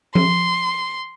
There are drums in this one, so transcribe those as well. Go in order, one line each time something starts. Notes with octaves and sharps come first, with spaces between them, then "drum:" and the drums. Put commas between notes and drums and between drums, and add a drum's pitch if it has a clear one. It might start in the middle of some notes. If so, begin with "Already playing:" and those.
C6, drum: tom F3